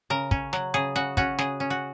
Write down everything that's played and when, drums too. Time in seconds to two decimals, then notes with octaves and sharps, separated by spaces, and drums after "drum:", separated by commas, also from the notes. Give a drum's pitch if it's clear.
0.10 C#3 A#4
0.31 C#4, drum: kick
0.53 F#3, drum: snare
0.74 C#3 G#4
0.96 C#3 F#4
1.17 C#4 F#4, drum: kick
1.38 C#3 G#4, drum: snare
1.60 C#4
1.70 F#4